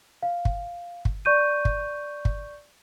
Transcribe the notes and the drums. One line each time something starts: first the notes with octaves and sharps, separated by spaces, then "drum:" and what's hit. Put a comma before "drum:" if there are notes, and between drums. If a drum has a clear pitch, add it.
F5
drum: kick
drum: kick
D5 C#6 G6 D#7
drum: kick
drum: kick